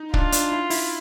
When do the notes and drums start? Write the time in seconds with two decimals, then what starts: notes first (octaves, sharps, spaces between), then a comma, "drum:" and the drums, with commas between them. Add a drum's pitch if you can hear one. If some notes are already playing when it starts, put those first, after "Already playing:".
Already playing: D#4
0.14 D4 F4, drum: kick
0.32 D4, drum: hi-hat
0.52 E4
0.70 E4, drum: open hi-hat